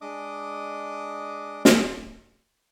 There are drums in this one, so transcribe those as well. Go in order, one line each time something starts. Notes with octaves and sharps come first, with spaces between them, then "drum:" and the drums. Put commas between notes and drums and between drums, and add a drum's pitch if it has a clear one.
G#3 D4 D#5 D6 D#6
drum: snare